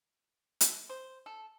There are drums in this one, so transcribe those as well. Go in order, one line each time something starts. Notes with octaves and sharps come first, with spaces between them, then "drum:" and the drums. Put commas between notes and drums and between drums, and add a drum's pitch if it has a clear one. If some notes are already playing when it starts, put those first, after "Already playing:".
drum: hi-hat
C5
A4